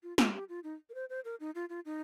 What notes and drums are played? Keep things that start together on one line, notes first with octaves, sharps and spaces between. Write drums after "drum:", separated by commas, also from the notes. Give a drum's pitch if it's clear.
F4
F4, drum: snare
G4
F4
D#4
A#4
C5
C5
A#4
D#4
F4
F4
D#4